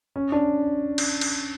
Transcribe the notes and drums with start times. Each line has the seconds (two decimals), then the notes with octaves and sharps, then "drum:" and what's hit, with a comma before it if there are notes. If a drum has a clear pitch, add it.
0.16 C#4
0.32 D4
0.98 drum: cymbal
1.21 drum: cymbal